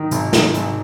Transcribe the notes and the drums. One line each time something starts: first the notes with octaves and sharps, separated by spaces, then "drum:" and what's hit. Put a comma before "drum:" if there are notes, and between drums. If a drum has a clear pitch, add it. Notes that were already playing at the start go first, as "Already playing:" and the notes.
Already playing: D#3
G#1 C3, drum: hi-hat
D#3, drum: snare
G#1, drum: hi-hat